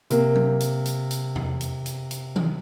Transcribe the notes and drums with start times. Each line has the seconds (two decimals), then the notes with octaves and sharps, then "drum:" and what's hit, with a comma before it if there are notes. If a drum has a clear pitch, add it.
0.10 C3 A#3, drum: hi-hat
0.35 drum: tom F#3
0.60 drum: hi-hat
0.85 drum: hi-hat
1.11 drum: hi-hat
1.36 drum: tom E2
1.61 drum: hi-hat
1.86 drum: hi-hat
2.11 drum: hi-hat
2.36 drum: tom D#3